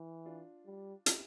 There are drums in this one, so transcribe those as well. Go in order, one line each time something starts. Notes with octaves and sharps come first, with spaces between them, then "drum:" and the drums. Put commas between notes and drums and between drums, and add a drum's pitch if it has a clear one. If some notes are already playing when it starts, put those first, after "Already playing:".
Already playing: E3 E4
D4 F4
G3
E4 G4, drum: hi-hat